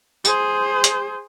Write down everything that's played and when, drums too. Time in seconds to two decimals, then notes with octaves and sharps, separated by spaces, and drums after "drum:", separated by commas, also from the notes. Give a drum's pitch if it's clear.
0.25 G#4 C5, drum: tambourine
0.84 drum: hi-hat